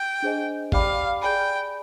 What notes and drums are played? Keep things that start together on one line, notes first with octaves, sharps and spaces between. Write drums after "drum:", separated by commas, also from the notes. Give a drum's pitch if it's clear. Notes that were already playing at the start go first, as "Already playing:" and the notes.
Already playing: G5
D4 G#4 C5 D#5 G#5
G4 D5 F5 G5 B5 D6, drum: kick G#1
G#4 D5 G5 G#5 B5